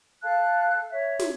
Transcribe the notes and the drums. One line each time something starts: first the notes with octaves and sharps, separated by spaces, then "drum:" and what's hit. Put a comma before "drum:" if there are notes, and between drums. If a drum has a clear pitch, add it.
A4 F5 A5 F#6
C#5 E5
drum: snare